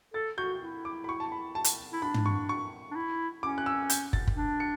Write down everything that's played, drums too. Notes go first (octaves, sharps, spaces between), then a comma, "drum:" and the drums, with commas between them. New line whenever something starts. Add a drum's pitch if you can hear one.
A4 A6
F#4 G6
E4
D6
B5
C#6
A5
B5
A5
drum: hi-hat
E4
D4 B5
drum: tom
C#6
C#6
D4
E4
C#4 D6
F#6
E6
G6, drum: hi-hat
A6, drum: kick
drum: kick
D4
C#7